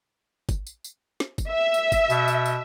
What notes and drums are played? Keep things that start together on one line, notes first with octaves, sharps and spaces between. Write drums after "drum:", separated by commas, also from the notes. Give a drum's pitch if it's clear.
drum: kick, tambourine
drum: tambourine
drum: tambourine
drum: snare
drum: kick, tambourine
E5
drum: tambourine
drum: kick, tambourine
B2, drum: tambourine
drum: tambourine
drum: tambourine